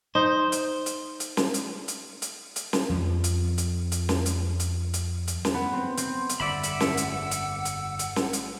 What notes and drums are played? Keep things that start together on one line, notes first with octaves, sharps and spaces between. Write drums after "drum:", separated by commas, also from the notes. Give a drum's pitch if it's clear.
D#4 C5
drum: hi-hat
drum: hi-hat
drum: hi-hat
drum: snare
drum: hi-hat
drum: hi-hat
drum: hi-hat
drum: hi-hat
drum: snare
F2 F3
drum: hi-hat
drum: hi-hat
drum: hi-hat
drum: snare
drum: hi-hat
drum: hi-hat
drum: hi-hat
drum: hi-hat
drum: snare
B3
C4
C4, drum: hi-hat
drum: hi-hat
G1 F2 D5 E5 F#5 B5 E6
drum: hi-hat
drum: snare
drum: hi-hat
drum: hi-hat
drum: hi-hat
drum: hi-hat
drum: snare
drum: hi-hat